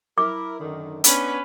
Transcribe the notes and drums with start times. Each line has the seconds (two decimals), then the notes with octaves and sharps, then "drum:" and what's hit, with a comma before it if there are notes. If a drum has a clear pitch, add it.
0.18 E4 A#4 D6
0.60 F#2 D3 D#3
1.04 B3 C#4 D4 B4, drum: hi-hat